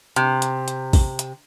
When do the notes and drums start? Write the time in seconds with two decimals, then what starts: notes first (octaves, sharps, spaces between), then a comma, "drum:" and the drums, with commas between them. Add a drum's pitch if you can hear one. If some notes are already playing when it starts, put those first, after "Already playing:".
0.16 C3, drum: hi-hat
0.42 drum: hi-hat
0.68 drum: hi-hat
0.93 drum: kick, open hi-hat
1.19 drum: hi-hat